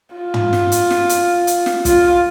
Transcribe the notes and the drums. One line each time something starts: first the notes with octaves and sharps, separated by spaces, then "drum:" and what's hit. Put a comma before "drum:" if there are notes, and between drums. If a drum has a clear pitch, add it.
F4
drum: tom
drum: snare
drum: hi-hat
drum: snare
drum: hi-hat
drum: hi-hat
drum: snare
F4, drum: kick, hi-hat